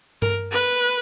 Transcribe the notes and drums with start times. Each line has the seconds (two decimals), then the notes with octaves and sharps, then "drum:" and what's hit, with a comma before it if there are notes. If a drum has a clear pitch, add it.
0.22 A#4, drum: tom G2
0.52 B4